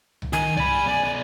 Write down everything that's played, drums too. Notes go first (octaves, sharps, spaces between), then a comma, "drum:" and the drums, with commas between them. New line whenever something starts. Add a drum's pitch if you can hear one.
drum: tom C2
D#3 G#5
D5 B5, drum: tom C2
B1 D5